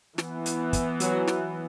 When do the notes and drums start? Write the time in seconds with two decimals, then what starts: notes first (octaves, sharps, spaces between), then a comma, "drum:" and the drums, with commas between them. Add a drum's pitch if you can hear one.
0.18 E3 B3, drum: snare
0.46 drum: hi-hat
0.73 drum: kick, hi-hat
1.00 F#3 F#4, drum: hi-hat
1.27 drum: snare